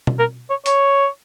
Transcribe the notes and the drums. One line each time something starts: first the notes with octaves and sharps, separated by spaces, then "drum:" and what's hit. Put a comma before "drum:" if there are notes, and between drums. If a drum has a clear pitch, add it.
drum: tom B2
A#4
C#5
C#5, drum: hi-hat